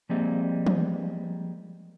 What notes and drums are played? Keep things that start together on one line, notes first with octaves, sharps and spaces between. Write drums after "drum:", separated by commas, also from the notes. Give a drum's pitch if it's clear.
F3 G3 G#3 A#3 C4
drum: tom E3